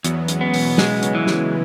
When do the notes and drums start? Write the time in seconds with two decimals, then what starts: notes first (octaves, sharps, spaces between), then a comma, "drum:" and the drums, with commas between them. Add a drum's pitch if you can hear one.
0.04 E2 F#3 B3, drum: hi-hat
0.28 G#3 C#4, drum: hi-hat
0.41 B3
0.54 B2 E3, drum: open hi-hat
0.78 C#3 G#3, drum: snare
1.03 C#3, drum: hi-hat
1.15 E3
1.27 C#3, drum: snare